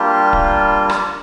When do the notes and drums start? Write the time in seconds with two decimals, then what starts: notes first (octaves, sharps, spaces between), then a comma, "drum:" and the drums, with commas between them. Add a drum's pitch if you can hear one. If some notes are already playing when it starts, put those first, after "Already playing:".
Already playing: G3 A#3 D4 F4 G4
0.33 drum: kick D1
0.89 drum: rim click